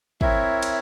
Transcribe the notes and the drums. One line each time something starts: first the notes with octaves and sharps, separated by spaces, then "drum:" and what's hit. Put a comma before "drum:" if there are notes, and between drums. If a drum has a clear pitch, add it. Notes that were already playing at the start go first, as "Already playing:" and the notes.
C4 E4 A#4 C#5 E5, drum: kick
drum: cymbal